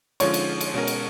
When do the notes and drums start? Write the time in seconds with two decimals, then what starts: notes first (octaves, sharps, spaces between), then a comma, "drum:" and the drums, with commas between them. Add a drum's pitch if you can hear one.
0.20 D3 F3 G#3 C#4 F4 C#5, drum: cymbal
0.34 drum: cymbal
0.61 drum: cymbal
0.74 B2 G#3 C#4 F#4 A#4
0.87 drum: cymbal